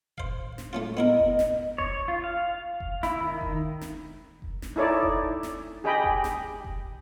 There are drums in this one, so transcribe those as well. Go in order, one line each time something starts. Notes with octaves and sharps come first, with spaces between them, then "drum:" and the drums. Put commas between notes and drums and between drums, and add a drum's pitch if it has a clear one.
C5 F5, drum: kick F1
drum: snare
A3 C#4 F4
B3 E4 A#4 D#5
drum: kick F1
drum: snare
C#5, drum: kick F1
F4
F5
drum: kick F1
E4, drum: snare
D#3
drum: kick F1
drum: snare
drum: kick F1
drum: snare
D#4 E4 A4 C#5 D5
drum: kick F1
drum: snare
G4 G#4 D#5 G5 B5
drum: kick F1
drum: snare
drum: kick F1